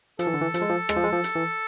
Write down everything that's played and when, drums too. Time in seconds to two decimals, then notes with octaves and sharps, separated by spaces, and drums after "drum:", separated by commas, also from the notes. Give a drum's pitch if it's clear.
0.19 F3 A4, drum: hi-hat
0.27 E3
0.34 D3
0.41 E3
0.54 F3, drum: hi-hat
0.62 G#3
0.70 F3
0.89 G#3, drum: rim click
0.96 F3
1.04 G#3
1.12 F3
1.24 drum: hi-hat
1.35 E3